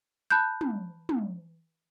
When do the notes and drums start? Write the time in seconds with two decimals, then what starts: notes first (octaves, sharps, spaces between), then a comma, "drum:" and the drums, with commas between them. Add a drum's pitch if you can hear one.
0.30 A5 B5 F#6 G6
0.61 drum: tom
1.09 drum: tom